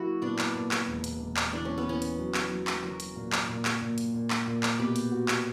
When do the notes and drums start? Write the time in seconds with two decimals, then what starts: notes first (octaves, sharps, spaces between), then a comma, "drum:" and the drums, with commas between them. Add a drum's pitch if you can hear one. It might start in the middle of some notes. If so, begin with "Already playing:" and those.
Already playing: F#3 A#3 E4 F#4
0.22 A#2 B3 D4
0.39 drum: clap
0.54 A#2
0.71 drum: clap
0.88 E1
1.04 drum: hi-hat
1.20 E1
1.37 drum: clap
1.53 E3 D4
1.65 C#4
1.78 B3
1.86 E3 C#4
2.02 drum: hi-hat
2.18 F#3
2.34 drum: clap
2.51 F#3
2.67 drum: clap
2.83 F#3 F#4 A#4
3.00 drum: hi-hat
3.16 A#2
3.32 drum: clap
3.49 A#2
3.65 drum: clap
3.81 A#2
3.98 drum: hi-hat
4.14 A#2
4.30 drum: clap
4.47 A#2
4.63 drum: clap
4.79 B2 G4 B4
4.96 drum: hi-hat
5.12 F#4
5.28 drum: clap